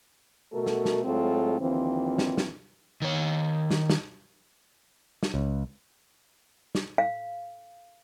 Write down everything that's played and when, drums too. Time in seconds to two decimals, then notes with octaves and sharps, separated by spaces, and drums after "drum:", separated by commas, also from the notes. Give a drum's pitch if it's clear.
0.53 B2 A3 F#4 A4 A#4
0.66 drum: snare
0.85 drum: snare
1.04 A2 F#3 G#3 C4 F4 A4
1.60 D#2 D3 E3 F3 C4
2.18 drum: snare
2.37 drum: snare
3.02 D#3 C#5
3.71 drum: snare
3.90 drum: snare
5.23 drum: snare
5.34 C#2
6.75 drum: snare
6.98 F5